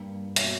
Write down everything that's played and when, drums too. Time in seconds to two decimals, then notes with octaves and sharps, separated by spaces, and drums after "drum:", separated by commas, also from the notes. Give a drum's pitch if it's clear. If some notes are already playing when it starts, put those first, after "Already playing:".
Already playing: G2 G3 A#3 G5
0.36 B2 A#3 C#5 E5, drum: hi-hat